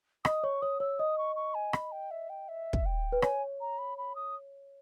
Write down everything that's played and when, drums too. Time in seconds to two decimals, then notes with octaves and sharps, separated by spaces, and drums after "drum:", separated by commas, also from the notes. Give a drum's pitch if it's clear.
0.25 D#5 D#6, drum: rim click
0.44 C#5 C#6
0.62 C#5 D#6
0.80 C#5 E6
0.99 D#5 D#6
1.18 C#6
1.36 C#6
1.55 G#5
1.73 B5, drum: rim click
1.92 G5
2.11 E5
2.30 G5
2.49 E5
2.73 drum: kick
2.86 G5
3.12 B4
3.22 C#5 G#5, drum: rim click
3.61 A#5
3.78 B5
3.98 B5
4.15 D#6